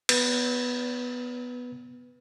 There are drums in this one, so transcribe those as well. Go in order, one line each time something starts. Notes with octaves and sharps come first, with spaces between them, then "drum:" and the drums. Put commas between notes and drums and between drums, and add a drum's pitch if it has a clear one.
B3 B4, drum: cymbal